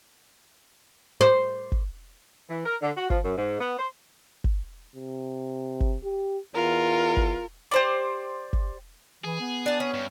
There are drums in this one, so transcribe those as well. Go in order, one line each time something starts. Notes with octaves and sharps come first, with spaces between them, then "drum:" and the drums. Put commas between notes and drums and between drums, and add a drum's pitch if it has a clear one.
C5
drum: kick
E3
A#4
D3
F#4
F3, drum: kick
F#2
G#2
B3
C5
drum: kick
C3
drum: kick
G4
E2 F4 A#4
drum: kick
G4 C5 D5
drum: kick
E3 G#4
B3
D4 A5
C#4
G2